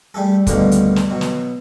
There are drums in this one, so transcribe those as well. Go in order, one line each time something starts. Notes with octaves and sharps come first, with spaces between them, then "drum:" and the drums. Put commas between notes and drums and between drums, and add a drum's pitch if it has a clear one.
G3 A3 G#4 A4
D2 G2 B2 D3 D#3 A#3, drum: kick, hi-hat
drum: hi-hat
drum: snare
B2 F#3
drum: snare